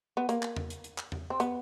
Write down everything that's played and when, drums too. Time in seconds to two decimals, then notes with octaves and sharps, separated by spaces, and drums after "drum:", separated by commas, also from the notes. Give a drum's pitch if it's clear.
0.17 B3
0.29 A#3, drum: hi-hat
0.43 drum: clap
0.56 drum: tom E2
0.70 drum: hi-hat
0.84 drum: hi-hat
0.98 drum: clap
1.12 drum: tom E2
1.30 C4
1.40 B3, drum: hi-hat